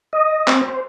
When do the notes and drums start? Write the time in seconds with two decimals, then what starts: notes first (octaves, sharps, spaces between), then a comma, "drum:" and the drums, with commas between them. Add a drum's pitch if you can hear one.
0.13 D#5
0.48 C4, drum: clap
0.68 C5